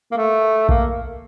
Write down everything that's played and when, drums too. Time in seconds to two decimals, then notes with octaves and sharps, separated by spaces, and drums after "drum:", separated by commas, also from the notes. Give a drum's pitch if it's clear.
0.11 A#3
0.17 A3
0.69 A#3, drum: kick B1